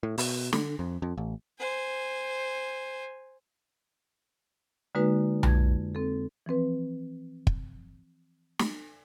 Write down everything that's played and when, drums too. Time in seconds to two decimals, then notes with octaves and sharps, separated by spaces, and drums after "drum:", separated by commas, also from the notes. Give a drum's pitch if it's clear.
0.03 A2
0.18 B2, drum: open hi-hat
0.53 D3, drum: snare
0.79 F2
1.02 F2
1.17 A1
1.59 C5 G#5
4.95 D3 G#3 A#3 D#4 F#4 B4
5.43 F2 G#6, drum: tom B1
5.95 C4 A4
6.46 E3 F3 C4 B4
7.47 drum: kick
8.59 drum: snare